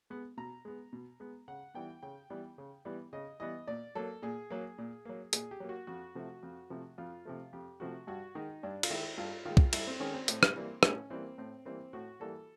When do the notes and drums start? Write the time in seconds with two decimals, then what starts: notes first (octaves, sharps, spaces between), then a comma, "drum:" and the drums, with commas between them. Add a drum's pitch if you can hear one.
0.10 G#3 B3
0.37 B2 A#5
0.65 G#3 B3
0.93 B2
1.20 G#3 B3
1.48 C#3 F#5
1.74 E3 G3 B3 G5
2.03 C#3 G5
2.30 E3 G3 B3
2.58 C#3
2.85 E3 G3 B3
3.13 C#3 D#5
3.40 E3 G3 B3 D#5
3.67 A#2 D5
3.95 F#3 A#3 A4
4.22 A#2 G#4
4.51 F#3 A#3
4.78 A#2
5.05 F#3 A#3
5.33 A#2 G#4, drum: hi-hat
5.51 G4
5.60 F#3 A#3
5.69 F#4
5.87 F2 F#4
6.15 C3 F3 A3
6.43 F2
6.70 C3 F3 A3
6.98 F2 F4
7.25 C3 F3 A3
7.53 F2 G4
7.80 C3 F3 A3 F#4
8.07 G2 F#4
8.35 D#3 G#3 D#4
8.63 G2 D4
8.83 F4, drum: cymbal
8.90 D#3 G#3 E4
9.18 G2 F4
9.45 D#3 G#3 F4
9.57 drum: kick
9.73 G2 E4, drum: cymbal
9.87 C4
10.00 D#3 G#3 C#4
10.14 C4
10.28 A2, drum: hi-hat
10.43 drum: rim click
10.55 E3 G3 A#3
10.83 A2 C#4, drum: rim click
11.10 E3 G3 A#3 C4
11.38 A2 C4
11.65 E3 G3 A#3 C4
11.93 A2 F#4
12.20 E3 G3 A#3 A4